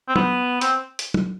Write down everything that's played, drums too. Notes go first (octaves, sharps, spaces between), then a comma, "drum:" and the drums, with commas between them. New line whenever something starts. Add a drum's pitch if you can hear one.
C4
B3, drum: tom
C4, drum: hi-hat
drum: hi-hat
drum: tom